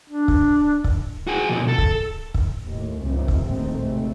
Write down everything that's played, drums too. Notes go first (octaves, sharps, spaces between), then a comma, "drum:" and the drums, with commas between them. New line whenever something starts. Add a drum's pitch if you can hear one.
D4
drum: kick
drum: kick
F#4 G#4
B2 F3
A4
drum: kick
drum: kick
D#2 A2
C#2 G2 C3 D#3 F3
drum: kick
A#1 D#2 G#2 D#3 A3 C4
G#1 D#2 G#2 C3 A3